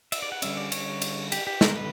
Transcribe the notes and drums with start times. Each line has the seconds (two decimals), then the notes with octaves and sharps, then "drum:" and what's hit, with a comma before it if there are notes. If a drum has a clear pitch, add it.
0.12 E5, drum: cymbal
0.22 D5
0.32 F#5
0.42 D3 G3 C#4 E5, drum: cymbal
0.57 D5
0.72 C#5, drum: cymbal
1.02 drum: cymbal
1.32 G4, drum: cymbal
1.47 G4
1.61 D3 G3 B3 A#4, drum: snare
1.76 B4